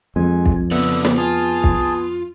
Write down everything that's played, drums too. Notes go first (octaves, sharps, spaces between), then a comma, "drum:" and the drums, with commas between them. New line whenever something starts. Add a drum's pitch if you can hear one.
F2 G#3 G#5
drum: kick
C#3 B3 A4 D5 E5
drum: snare
F4 G#4 A5
drum: kick